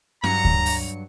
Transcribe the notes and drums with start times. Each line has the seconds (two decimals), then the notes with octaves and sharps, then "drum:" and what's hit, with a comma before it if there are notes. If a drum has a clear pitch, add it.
0.24 G2 F#3 A#5 C#7, drum: snare
0.45 drum: kick D2
0.66 drum: open hi-hat